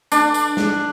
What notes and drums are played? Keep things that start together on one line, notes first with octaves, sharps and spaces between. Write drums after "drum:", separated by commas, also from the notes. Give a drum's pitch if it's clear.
D4, drum: tambourine
drum: tambourine
drum: snare